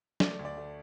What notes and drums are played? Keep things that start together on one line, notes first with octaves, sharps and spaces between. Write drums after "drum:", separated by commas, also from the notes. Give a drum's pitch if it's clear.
A3 D5, drum: snare
D2
D5
A3